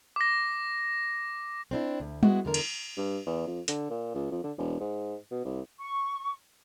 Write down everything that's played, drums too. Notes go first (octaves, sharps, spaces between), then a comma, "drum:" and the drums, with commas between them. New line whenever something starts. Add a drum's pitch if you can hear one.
D6 A#6
C4 D4 E4
D2
G#3 B3 E4 F#4, drum: tom G3
E2 D3 A#4
drum: cymbal
G2
E2
F2
D3, drum: hi-hat
A#2
C#2
F2
D3
E1
G#2
B2
C2
C#6